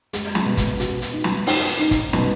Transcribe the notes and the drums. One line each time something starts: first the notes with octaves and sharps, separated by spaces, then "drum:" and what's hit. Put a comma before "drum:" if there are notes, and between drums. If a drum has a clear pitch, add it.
G#3, drum: hi-hat
drum: snare
B2
drum: kick, hi-hat
F#4, drum: hi-hat
drum: hi-hat
D#4
drum: snare
D#4, drum: open hi-hat
D#4
drum: kick, hi-hat
B2, drum: snare